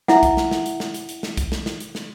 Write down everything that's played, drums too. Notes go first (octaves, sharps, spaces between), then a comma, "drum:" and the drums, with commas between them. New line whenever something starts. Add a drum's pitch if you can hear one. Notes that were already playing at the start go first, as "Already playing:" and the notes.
E4 E5 F#5, drum: snare
drum: kick, hi-hat
drum: snare
drum: snare
drum: hi-hat
drum: snare
drum: hi-hat
drum: hi-hat
drum: snare
drum: kick, hi-hat
drum: snare
drum: snare
drum: hi-hat
drum: snare